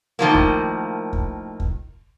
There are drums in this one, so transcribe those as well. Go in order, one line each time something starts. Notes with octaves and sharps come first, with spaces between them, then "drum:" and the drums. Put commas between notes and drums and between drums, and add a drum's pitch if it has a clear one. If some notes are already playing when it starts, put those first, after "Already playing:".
A2 D#3 F3 A#3
drum: kick
drum: kick
drum: kick